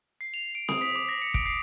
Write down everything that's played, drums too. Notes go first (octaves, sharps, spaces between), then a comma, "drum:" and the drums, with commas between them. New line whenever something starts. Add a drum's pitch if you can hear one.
C7
F7
D7
D#6, drum: snare C4
B6
D6
A#6
C#7
D7, drum: kick
C7